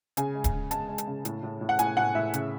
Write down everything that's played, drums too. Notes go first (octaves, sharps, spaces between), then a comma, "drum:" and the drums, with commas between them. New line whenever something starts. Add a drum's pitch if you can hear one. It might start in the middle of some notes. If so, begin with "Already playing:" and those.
C#3 G#5, drum: hi-hat
G#3
drum: kick D1, hi-hat
C#3
G#3 A5, drum: hi-hat
G#3
drum: hi-hat
C#3
A2, drum: hi-hat
A2
A2
F#5
A2 G#5, drum: hi-hat
A2 F#5
A2 E5
C#3, drum: hi-hat